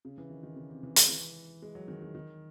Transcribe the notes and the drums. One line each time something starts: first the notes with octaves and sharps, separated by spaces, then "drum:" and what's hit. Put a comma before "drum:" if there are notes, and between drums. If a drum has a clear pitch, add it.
C#3
E3
D#3
D#3
C#3
C3
E3
G#3, drum: hi-hat
E3
G#3
F#3
D#3
D#3
D#3